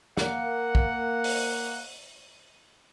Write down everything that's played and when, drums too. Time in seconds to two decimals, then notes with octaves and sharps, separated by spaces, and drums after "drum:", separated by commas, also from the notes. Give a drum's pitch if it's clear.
0.17 A#3 F#5, drum: snare
0.75 drum: kick
1.24 drum: open hi-hat